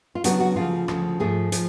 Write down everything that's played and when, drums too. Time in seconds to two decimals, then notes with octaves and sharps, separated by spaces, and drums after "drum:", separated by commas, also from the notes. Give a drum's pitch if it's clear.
0.15 F4
0.24 C#3 F#3 B3 D4 F#4, drum: hi-hat
0.40 F#4
0.56 D2 C#3 F3 F4
0.88 D2 C#3 F3, drum: rim click
1.20 G#2 F3 A3 G#4
1.52 F3, drum: hi-hat